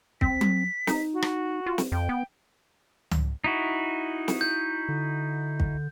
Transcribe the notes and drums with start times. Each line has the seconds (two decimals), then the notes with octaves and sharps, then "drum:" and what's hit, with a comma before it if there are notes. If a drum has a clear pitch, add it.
0.21 C4 B6, drum: kick
0.41 drum: tom F#3
0.87 D#4, drum: snare
1.13 F#4
1.22 drum: rim click
1.66 F4
1.78 drum: snare
1.92 F2 G5
2.09 B3
3.11 drum: tom C#2
3.44 D#4 E4 F#4
4.28 drum: snare
4.41 G6
4.89 D3
5.60 drum: kick